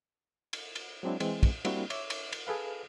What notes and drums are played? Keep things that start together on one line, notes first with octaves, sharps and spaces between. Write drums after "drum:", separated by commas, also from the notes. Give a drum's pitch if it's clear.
drum: cymbal
drum: cymbal
F#3 G#3 C4 D4 E4
E3 G#3 C4, drum: cymbal
drum: kick, cymbal
G3 A#3 C4 D4 E4 F#4, drum: cymbal
C#5 E5 D6, drum: cymbal
drum: cymbal
drum: cymbal
G#4 A4 B4 F5